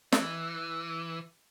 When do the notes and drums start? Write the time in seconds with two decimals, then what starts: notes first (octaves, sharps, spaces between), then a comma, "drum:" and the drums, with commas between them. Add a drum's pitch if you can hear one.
0.12 E3, drum: snare